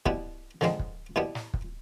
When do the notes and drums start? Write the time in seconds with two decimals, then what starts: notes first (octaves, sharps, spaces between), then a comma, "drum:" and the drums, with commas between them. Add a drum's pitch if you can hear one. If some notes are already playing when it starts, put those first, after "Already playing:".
0.06 B2 G3 B3 E4, drum: kick
0.61 D3 F3 G#3 C4, drum: snare
0.79 drum: kick
1.16 B2 G3 B3 E4
1.35 drum: snare
1.54 drum: kick